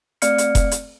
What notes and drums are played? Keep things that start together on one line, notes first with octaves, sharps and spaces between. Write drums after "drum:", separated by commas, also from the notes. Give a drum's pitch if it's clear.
A3 C4 D5 F5 F6 C#7, drum: hi-hat
drum: hi-hat
drum: kick F1, hi-hat
drum: hi-hat